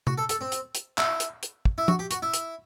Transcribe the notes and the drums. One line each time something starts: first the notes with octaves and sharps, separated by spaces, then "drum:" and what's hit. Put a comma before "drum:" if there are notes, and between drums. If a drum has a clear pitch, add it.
F#4, drum: tom C3
A4
A4, drum: hi-hat
C4
drum: hi-hat
drum: hi-hat
E4, drum: clap
drum: hi-hat
drum: hi-hat
drum: kick
E4
F#4, drum: tom F3
G4
F#4, drum: hi-hat
E4
drum: hi-hat